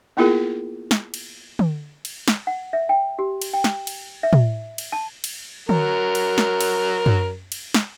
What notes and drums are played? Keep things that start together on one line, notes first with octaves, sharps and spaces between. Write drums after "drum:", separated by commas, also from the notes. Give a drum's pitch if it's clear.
A#3 B3 E4 F4 G#4 A#4
drum: snare
drum: cymbal
drum: tom
drum: cymbal
drum: snare
F#5
E5
G5
G4
drum: cymbal
G5
drum: snare
drum: cymbal
E5
drum: tom
drum: cymbal
A5
drum: cymbal
F#3 A#4, drum: tom
drum: cymbal
drum: snare
drum: cymbal
drum: tom F#2
drum: cymbal
drum: snare